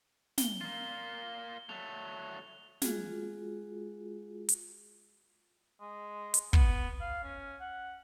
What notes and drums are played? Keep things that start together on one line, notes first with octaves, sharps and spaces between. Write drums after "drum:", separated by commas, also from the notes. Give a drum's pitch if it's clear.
G7, drum: snare
A#3 F4
F#3 A3 F7
G#3 F4 F#4 G#4, drum: snare
drum: hi-hat
G#3
drum: hi-hat
B3, drum: kick
F5
C#4
F#5